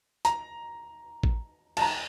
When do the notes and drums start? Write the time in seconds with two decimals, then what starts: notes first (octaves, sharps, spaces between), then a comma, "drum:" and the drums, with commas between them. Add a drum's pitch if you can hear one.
0.25 A#5, drum: hi-hat
1.23 drum: kick A1
1.77 A5, drum: cymbal
1.82 A#5